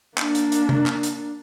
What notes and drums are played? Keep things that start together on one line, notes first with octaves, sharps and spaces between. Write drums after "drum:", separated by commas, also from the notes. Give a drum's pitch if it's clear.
A#3 D4, drum: clap
drum: hi-hat
drum: hi-hat
drum: tom C3
drum: clap
drum: hi-hat